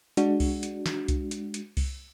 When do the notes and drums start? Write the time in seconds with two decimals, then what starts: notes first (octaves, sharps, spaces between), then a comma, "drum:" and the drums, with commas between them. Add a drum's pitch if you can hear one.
0.17 G#3 D4 F#4, drum: hi-hat
0.40 drum: kick C2, open hi-hat
0.63 drum: hi-hat
0.86 drum: snare
1.08 drum: kick C2, hi-hat
1.31 drum: hi-hat
1.54 drum: hi-hat
1.77 drum: kick C2, open hi-hat